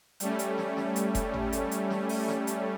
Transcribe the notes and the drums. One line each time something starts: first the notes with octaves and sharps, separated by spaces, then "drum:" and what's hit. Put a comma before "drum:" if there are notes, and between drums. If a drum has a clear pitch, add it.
G3 A3 C#4, drum: hi-hat
drum: hi-hat
drum: snare
drum: snare
drum: hi-hat
drum: kick F1, hi-hat
drum: tom G#1
drum: hi-hat
drum: hi-hat
drum: snare
drum: open hi-hat
drum: snare
drum: hi-hat